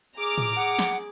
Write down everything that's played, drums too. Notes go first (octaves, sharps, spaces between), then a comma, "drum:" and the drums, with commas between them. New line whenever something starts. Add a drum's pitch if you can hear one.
G#4 A#5 D6 F6
drum: tom A2
G#4 F#5
drum: snare